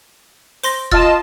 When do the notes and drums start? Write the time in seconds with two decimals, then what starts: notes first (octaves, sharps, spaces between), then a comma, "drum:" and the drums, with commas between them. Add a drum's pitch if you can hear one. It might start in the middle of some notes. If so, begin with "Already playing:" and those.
0.63 C5 C6 A#6, drum: open hi-hat
0.91 F4 D#5 A5 E6 F6 A6, drum: kick F1